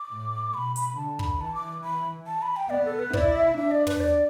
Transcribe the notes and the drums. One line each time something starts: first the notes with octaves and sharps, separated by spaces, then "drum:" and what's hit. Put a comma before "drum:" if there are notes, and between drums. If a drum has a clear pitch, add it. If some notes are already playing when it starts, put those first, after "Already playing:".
Already playing: D6
A2
B2 B5
B5, drum: hi-hat
B5
D3 A5
B5, drum: kick
E3 A5
D6
B5
A5
B5
G5
B3 D5
A4
B4
E4 D5, drum: kick
E5
D4 E5
D5
B4, drum: tom
D5